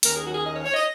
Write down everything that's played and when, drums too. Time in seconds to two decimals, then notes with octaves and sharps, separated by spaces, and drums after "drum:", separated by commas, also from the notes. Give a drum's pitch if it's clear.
0.03 D#2 D#3 A#3 C#4 A#4, drum: hi-hat
0.14 G#4
0.23 F#4
0.33 G#4
0.44 D#5
0.53 C#5
0.64 C#5
0.74 D#5